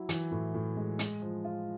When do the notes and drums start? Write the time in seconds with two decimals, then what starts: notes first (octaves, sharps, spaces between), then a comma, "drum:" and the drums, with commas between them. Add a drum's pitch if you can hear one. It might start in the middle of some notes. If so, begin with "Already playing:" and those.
Already playing: F#3 E4
0.09 E3, drum: hi-hat
0.31 A2
0.54 A2
0.77 G#3
0.99 G#3, drum: hi-hat
1.22 F3
1.45 F4